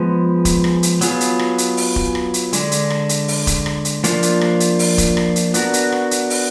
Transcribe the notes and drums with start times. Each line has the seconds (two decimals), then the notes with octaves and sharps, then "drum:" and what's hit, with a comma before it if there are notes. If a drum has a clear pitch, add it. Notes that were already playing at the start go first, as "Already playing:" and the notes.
Already playing: F3 G#3 B3
0.45 drum: kick, hi-hat
0.64 drum: rim click
0.83 drum: hi-hat
1.01 F#3 B3 F4 G#4, drum: hi-hat
1.21 drum: hi-hat
1.39 drum: rim click
1.58 drum: hi-hat
1.77 drum: open hi-hat
1.96 drum: kick
2.15 drum: rim click
2.34 drum: hi-hat
2.53 D3 G#3 D4, drum: hi-hat
2.71 drum: hi-hat
2.90 drum: rim click
3.09 drum: hi-hat
3.28 drum: open hi-hat
3.47 drum: kick, hi-hat
3.66 drum: rim click
3.85 drum: hi-hat
4.04 F3 A#3 D4 F4, drum: hi-hat
4.22 drum: hi-hat
4.41 drum: rim click
4.60 drum: hi-hat
4.79 drum: open hi-hat
4.98 drum: kick, hi-hat
5.17 drum: rim click
5.36 drum: hi-hat
5.54 B3 D4 F#4 A#4, drum: hi-hat
5.73 drum: hi-hat
5.92 drum: rim click
6.11 drum: hi-hat
6.30 drum: open hi-hat